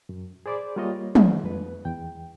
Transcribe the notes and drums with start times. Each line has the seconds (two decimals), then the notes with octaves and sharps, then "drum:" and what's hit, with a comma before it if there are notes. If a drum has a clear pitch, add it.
0.09 F#2
0.46 G#4 C5 D5 B5 D6
0.76 G3 A#3 F4 C#5 D#5
1.15 drum: tom
1.44 F2 B4
1.85 E2 G5